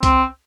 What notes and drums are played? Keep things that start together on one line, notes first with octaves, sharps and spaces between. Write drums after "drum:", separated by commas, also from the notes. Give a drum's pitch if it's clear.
C4, drum: kick C#2, hi-hat